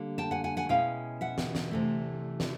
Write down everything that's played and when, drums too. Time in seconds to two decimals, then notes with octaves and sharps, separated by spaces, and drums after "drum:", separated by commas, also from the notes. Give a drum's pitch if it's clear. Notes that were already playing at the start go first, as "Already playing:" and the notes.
Already playing: D3 G3 A#3
0.18 G5 A5
0.31 F#5 G#5
0.44 F#5 G#5
0.57 F#5 G#5
0.69 B2 G#3 C#4 E4 F5 G5
1.21 E5 F#5
1.38 drum: snare
1.55 drum: snare
1.71 C3 E3 A3
2.40 drum: snare